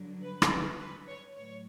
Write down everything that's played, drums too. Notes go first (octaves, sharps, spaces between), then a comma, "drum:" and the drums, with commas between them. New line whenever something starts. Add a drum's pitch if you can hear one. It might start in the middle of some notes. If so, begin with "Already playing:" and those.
Already playing: G2 D3 F#3
B4
drum: rim click
B4
C#5
A2 F#3 C#5